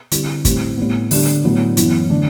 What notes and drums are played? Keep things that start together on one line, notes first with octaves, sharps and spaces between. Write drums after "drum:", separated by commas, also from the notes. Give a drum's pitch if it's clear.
D3 G3 C4 E4, drum: hi-hat
A2 G3 C4 E4, drum: kick, hi-hat
A2 G3 B3
D3 G3 D4, drum: open hi-hat
A2 F#3 B3 E4
F#2 E3 B3 E4, drum: hi-hat
D3 A3 D4